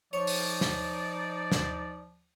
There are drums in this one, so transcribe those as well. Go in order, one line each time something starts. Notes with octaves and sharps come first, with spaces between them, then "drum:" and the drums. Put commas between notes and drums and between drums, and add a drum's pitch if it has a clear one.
F3 D#4 C#5 D5
drum: open hi-hat
drum: snare
drum: snare